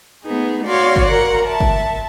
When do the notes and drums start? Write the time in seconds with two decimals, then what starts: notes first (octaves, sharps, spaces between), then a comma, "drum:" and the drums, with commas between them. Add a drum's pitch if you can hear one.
0.24 A3 B3 D#4 G#4
0.66 F#4 C#5 D5 F5 C6
0.96 drum: kick G1
1.05 A#4 F#5
1.44 E5 A5
1.60 drum: kick G1